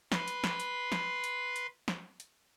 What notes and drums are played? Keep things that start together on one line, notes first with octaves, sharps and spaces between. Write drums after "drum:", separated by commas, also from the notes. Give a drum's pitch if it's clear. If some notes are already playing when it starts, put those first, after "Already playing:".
B4 B5 C6, drum: snare
drum: hi-hat
drum: snare
drum: hi-hat
drum: snare
drum: hi-hat
drum: hi-hat
drum: snare
drum: hi-hat